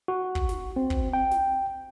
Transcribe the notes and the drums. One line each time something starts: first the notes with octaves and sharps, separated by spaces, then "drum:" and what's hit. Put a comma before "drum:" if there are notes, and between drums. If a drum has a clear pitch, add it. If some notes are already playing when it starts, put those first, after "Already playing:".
F#4
drum: kick
drum: snare
C4
drum: kick
G5
drum: snare